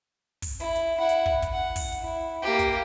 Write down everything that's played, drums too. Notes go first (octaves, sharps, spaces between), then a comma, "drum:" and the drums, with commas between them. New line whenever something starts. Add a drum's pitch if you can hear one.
drum: kick, open hi-hat
E4, drum: hi-hat
drum: hi-hat
E4 F#5
drum: hi-hat
drum: kick
drum: kick, hi-hat
F#5
drum: kick, open hi-hat
drum: hi-hat
E4
A#3 G4
drum: kick, hi-hat